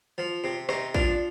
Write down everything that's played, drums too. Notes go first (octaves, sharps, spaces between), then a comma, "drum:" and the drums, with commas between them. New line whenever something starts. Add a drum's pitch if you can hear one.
F3
C3
C3 D#4, drum: rim click
F3 D4, drum: kick